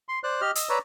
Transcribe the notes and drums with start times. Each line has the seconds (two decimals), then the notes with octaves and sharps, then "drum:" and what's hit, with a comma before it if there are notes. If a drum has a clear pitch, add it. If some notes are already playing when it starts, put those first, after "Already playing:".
0.09 C6
0.24 C5 D5 F#6
0.41 G4 D#5 F6
0.55 D#5 D#6 E6, drum: hi-hat
0.69 B4 C#5 D5 A#5 E6